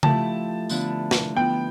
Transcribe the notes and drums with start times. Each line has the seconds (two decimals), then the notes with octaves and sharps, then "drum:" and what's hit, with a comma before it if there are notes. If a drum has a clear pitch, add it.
0.03 F3 A3 E4 G4 A5, drum: tom C#3
0.69 D3 F3 B3 E4, drum: tambourine
1.11 drum: snare
1.34 F3 B3 F4 G5